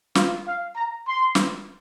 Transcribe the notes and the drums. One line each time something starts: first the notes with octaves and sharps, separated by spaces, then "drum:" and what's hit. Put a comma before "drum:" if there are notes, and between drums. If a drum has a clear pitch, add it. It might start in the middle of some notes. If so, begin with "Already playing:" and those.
F4, drum: snare
F5
A#5
C6
drum: snare